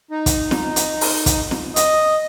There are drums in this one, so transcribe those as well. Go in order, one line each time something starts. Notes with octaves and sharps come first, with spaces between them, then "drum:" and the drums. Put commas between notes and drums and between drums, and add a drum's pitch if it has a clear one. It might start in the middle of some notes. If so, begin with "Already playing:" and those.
D#4
drum: kick, hi-hat
drum: snare
drum: hi-hat
drum: open hi-hat
drum: kick, hi-hat
drum: snare
D#5, drum: hi-hat